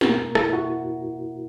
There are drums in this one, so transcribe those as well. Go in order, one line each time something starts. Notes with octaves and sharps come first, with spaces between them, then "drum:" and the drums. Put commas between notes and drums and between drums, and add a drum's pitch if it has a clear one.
B2 A#3 A#4, drum: snare
E4, drum: rim click
F#4